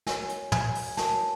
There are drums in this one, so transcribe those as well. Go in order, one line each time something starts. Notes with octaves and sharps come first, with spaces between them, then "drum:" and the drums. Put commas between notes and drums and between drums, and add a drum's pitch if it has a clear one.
F#4 A#4 C#5 G#5, drum: snare
drum: hi-hat
G#5, drum: tom
drum: open hi-hat
F#4 A#4 C#5 A5, drum: snare